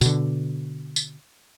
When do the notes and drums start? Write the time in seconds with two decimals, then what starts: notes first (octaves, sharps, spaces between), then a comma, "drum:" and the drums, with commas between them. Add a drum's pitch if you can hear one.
0.01 B2 D3, drum: tambourine
0.96 drum: tambourine